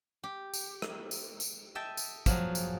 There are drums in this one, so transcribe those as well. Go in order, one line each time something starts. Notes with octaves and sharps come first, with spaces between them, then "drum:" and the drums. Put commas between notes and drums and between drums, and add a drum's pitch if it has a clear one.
G4
drum: tambourine
drum: rim click
drum: tambourine
drum: tambourine
D#5 E5 G5 A5
drum: tambourine
F3 F#3 G#4, drum: kick, tambourine
drum: tambourine